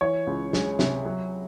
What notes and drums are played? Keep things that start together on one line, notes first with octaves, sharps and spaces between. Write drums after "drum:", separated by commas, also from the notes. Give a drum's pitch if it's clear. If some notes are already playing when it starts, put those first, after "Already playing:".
E3 C#5
C#2
G#3, drum: snare
C3, drum: snare
F#3